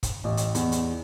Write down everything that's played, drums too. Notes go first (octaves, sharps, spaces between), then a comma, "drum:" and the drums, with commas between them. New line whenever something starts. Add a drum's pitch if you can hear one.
drum: kick, hi-hat
A1
drum: hi-hat
E2, drum: hi-hat
drum: hi-hat